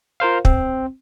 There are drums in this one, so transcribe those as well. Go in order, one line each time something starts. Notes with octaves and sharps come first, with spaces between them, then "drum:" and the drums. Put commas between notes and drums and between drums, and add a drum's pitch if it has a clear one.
F4 A#4 C5 F5
C4, drum: kick